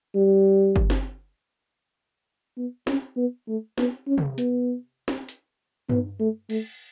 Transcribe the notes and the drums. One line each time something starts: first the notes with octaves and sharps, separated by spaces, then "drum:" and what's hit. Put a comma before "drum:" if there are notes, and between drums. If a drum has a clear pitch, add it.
G3
drum: kick G1
drum: snare
B3
C#4, drum: snare
B3
A3
B3, drum: snare
C#4
drum: tom C3
B3, drum: hi-hat
drum: snare
drum: hi-hat
B3, drum: tom G2
A3
A3, drum: cymbal